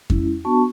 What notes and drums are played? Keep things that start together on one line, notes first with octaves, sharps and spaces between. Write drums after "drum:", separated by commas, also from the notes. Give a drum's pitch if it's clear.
G#3 C#4 E4, drum: kick F2
B3 D4 F#4 A5 C#6